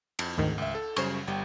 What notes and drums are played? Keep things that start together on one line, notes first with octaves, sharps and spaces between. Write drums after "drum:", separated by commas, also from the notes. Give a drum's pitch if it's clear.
F2, drum: cymbal
D2 G#2 D#3
C#2 E5
A4
F#2 C#3 G3 C5 C#6, drum: cymbal
G1 G3 G5